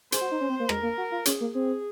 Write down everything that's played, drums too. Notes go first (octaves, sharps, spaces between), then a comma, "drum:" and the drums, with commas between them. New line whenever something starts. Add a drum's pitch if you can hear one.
G#4 C5, drum: hi-hat
F#4
D#4
C#4
C4
A#3
G#3 A#4, drum: rim click
A#3
F#4
F4
C#4 G#4, drum: hi-hat
A#3
C4 G#4